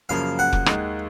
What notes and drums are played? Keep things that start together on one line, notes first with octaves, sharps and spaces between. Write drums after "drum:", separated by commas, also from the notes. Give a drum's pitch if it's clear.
F#2 C#3 F3 A#3 F5
F#5
drum: kick F1
D#2 D#3 G#3 D#4, drum: rim click